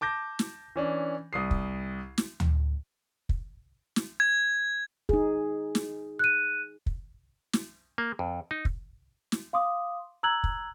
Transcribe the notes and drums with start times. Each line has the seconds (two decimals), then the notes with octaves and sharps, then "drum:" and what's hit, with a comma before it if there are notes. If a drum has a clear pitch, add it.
0.01 A5 D6 G6 A#6
0.39 drum: snare
0.76 E3 C#4 D4
1.33 C2 D#6 C7
1.51 drum: kick
2.18 drum: snare
2.40 drum: tom D2
3.29 drum: kick
3.96 drum: snare
4.20 G#6
5.09 D#4 G#4, drum: kick
5.75 drum: snare
6.19 F#6 D#7
6.86 drum: kick
7.53 drum: snare
7.98 A#3
8.19 F2
8.51 D#4
8.65 drum: kick
9.32 drum: snare
9.53 F5 C6 D6 D#6
10.23 A#5 E6 F#6 G#6 F#7
10.44 drum: kick